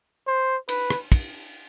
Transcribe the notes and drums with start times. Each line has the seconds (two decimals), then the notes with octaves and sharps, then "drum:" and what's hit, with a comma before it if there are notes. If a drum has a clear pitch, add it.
0.27 C5
0.69 B4, drum: cymbal
0.90 drum: rim click
1.12 drum: kick, cymbal